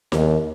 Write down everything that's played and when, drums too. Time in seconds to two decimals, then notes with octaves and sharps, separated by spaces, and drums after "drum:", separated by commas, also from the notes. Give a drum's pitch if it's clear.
0.12 D#2, drum: snare D#4